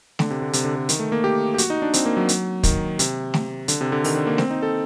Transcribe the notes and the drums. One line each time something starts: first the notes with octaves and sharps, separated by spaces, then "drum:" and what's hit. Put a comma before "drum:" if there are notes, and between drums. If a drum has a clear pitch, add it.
D3, drum: snare A3
C3
D3
C3, drum: hi-hat
D3
D3
D#3, drum: hi-hat
A3
A#3
G4
G4
F#4, drum: hi-hat
D#4
D4
C4, drum: hi-hat
A#3
F#3
drum: hi-hat
D#3, drum: kick, hi-hat
C3, drum: hi-hat
drum: snare A3
D3, drum: hi-hat
C3
D3
D#3, drum: open hi-hat
D3
A#3
C4, drum: snare A3
D#4
A4